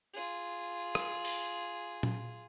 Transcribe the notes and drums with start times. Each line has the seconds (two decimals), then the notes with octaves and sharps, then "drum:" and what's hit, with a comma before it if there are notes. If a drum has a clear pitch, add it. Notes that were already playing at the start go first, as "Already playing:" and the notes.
0.14 F4 G#4
0.95 drum: rim click
1.25 drum: open hi-hat
2.03 drum: tom A#2